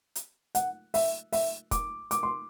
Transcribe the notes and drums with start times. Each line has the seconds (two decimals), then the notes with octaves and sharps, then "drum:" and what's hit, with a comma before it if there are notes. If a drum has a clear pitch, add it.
0.15 drum: hi-hat
0.55 F#5, drum: hi-hat
0.94 E5, drum: open hi-hat
1.33 E5, drum: open hi-hat
1.71 D6, drum: kick, hi-hat
2.11 D6, drum: hi-hat
2.23 C6